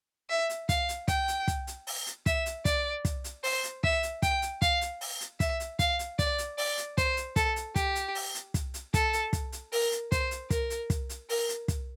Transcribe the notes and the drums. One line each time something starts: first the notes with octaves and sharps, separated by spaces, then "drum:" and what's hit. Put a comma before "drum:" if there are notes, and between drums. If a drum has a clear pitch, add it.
E5
drum: hi-hat
F5, drum: kick, hi-hat
drum: hi-hat
G5, drum: kick, hi-hat
drum: hi-hat
drum: kick, hi-hat
drum: hi-hat
drum: open hi-hat
drum: hi-hat
E5, drum: kick, hi-hat
drum: hi-hat
D5, drum: kick, hi-hat
drum: kick, hi-hat
drum: hi-hat
C5, drum: open hi-hat
drum: hi-hat
E5, drum: kick
drum: hi-hat
G5, drum: kick, hi-hat
drum: hi-hat
F5, drum: kick, hi-hat
drum: hi-hat
drum: open hi-hat
drum: hi-hat
E5, drum: kick, hi-hat
drum: hi-hat
F5, drum: kick, hi-hat
drum: hi-hat
D5, drum: kick, hi-hat
drum: hi-hat
D5, drum: open hi-hat
drum: hi-hat
C5, drum: kick, hi-hat
drum: hi-hat
A4, drum: kick, hi-hat
drum: hi-hat
G4, drum: kick, hi-hat
drum: hi-hat
drum: open hi-hat
drum: hi-hat
drum: kick, hi-hat
drum: hi-hat
A4, drum: kick, hi-hat
drum: hi-hat
drum: kick, hi-hat
drum: hi-hat
A#4, drum: open hi-hat
drum: hi-hat
C5, drum: kick, hi-hat
drum: hi-hat
A#4, drum: kick, hi-hat
drum: hi-hat
drum: kick, hi-hat
drum: hi-hat
A#4, drum: open hi-hat
drum: hi-hat
drum: kick, hi-hat